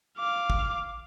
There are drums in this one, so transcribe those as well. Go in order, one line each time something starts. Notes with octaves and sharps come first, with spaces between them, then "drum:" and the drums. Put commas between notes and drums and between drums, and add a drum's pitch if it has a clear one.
F5 D6
drum: kick